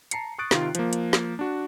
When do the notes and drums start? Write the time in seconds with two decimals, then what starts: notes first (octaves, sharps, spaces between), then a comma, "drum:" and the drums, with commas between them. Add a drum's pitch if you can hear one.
0.11 A5 A#5 C7 C#7, drum: hi-hat
0.38 C#6 D#6 F#6 A6 D7
0.51 C3 D#3 F4, drum: snare
0.75 F3 A#3, drum: hi-hat
0.93 drum: hi-hat
1.13 drum: snare
1.39 D4 F#4